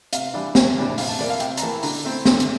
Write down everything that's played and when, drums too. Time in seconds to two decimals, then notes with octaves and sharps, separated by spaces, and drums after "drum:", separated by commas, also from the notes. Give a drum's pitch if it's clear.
0.13 C3 F5, drum: hi-hat
0.34 E3 G3 D4
0.55 C3, drum: snare
0.77 E3 G3 D4
0.98 C3 F5, drum: open hi-hat
1.08 A5
1.19 E3 A#3 E4 D5
1.30 F5
1.40 C3 G5, drum: hi-hat
1.57 A#5, drum: hi-hat
1.62 E3 A#3 E4 A5
1.83 D3 A#5, drum: open hi-hat
2.05 A3 C4 E4
2.25 D3, drum: snare
2.40 drum: hi-hat